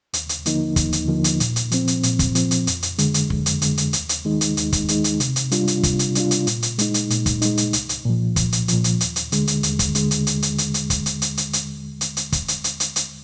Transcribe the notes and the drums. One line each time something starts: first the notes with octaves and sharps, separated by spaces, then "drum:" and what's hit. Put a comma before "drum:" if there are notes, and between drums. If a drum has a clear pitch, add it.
D#2, drum: hi-hat
drum: hi-hat
D3 F3 A#3 D#4, drum: hi-hat
D#2, drum: kick, hi-hat
drum: hi-hat
D3 F3 A#3 D#4
drum: hi-hat
A#2, drum: hi-hat
drum: hi-hat
F3 C4, drum: hi-hat
drum: hi-hat
A#2, drum: hi-hat
drum: kick, hi-hat
F3 C4, drum: hi-hat
drum: hi-hat
F2, drum: hi-hat
drum: hi-hat
D3 G#3, drum: hi-hat
drum: hi-hat
F2, drum: kick
drum: hi-hat
D3 G#3, drum: hi-hat
drum: hi-hat
D#2, drum: hi-hat
drum: hi-hat
D#3 G#3 D#4
drum: hi-hat
D#2, drum: hi-hat
drum: kick, hi-hat
D#3 G#3 D#4, drum: hi-hat
drum: hi-hat
C3, drum: hi-hat
drum: hi-hat
G3 D4 F4, drum: hi-hat
drum: hi-hat
C3, drum: kick, hi-hat
drum: hi-hat
G3 D4 F4, drum: hi-hat
drum: hi-hat
A#2, drum: hi-hat
drum: hi-hat
G#3 D#4, drum: hi-hat
drum: hi-hat
A#2, drum: hi-hat
drum: kick, hi-hat
G#3 D#4, drum: hi-hat
drum: hi-hat
C2, drum: hi-hat
drum: hi-hat
A#2 F3
C2, drum: kick, hi-hat
drum: hi-hat
A#2 F3, drum: hi-hat
drum: hi-hat
D#2, drum: hi-hat
drum: hi-hat
D3 G#3, drum: hi-hat
drum: hi-hat
D#2, drum: hi-hat
drum: kick, hi-hat
D3 G#3, drum: hi-hat
drum: hi-hat
drum: hi-hat
drum: hi-hat
drum: hi-hat
drum: hi-hat
drum: kick, hi-hat
drum: hi-hat
drum: hi-hat
drum: hi-hat
drum: hi-hat
drum: hi-hat
drum: hi-hat
drum: kick, hi-hat
drum: hi-hat
drum: hi-hat
drum: hi-hat
drum: hi-hat